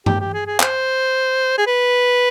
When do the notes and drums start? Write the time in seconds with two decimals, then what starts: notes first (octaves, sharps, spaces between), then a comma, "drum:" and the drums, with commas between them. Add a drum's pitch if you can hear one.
0.06 G4, drum: tom G2
0.20 G4
0.33 G#4
0.46 G#4
0.60 C5, drum: clap
1.58 G#4
1.67 B4